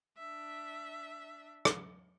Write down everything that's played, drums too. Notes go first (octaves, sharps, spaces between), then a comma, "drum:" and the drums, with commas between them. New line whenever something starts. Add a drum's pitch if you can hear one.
D4 E5
drum: rim click